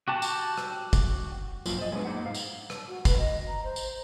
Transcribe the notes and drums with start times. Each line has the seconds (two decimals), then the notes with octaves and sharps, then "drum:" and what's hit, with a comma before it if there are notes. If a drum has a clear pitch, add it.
0.08 F#4 G4 A5
0.22 drum: tambourine
0.57 drum: rim click
0.93 drum: kick, tambourine
1.66 F#2 A#2 F3 F#3 A#3 F4, drum: tambourine
1.79 C5 D#5
1.91 F#3 G#3 B3 C4 D4
2.05 A#3 D#4 C5 F#5
2.24 G#2 F5
2.34 drum: tambourine
2.70 drum: rim click
2.88 F#4
3.05 B4, drum: kick, tambourine
3.18 D#5
3.48 A#5
3.64 C5
3.76 drum: tambourine